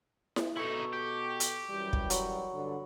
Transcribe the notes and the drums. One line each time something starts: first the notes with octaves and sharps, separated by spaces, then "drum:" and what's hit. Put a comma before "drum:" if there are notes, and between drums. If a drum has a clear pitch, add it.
drum: snare E4
B2 D#4 E4 A4 C#6
G4
drum: hi-hat
F#2 E3 G3
drum: kick
F#3 B5, drum: hi-hat
G2 D3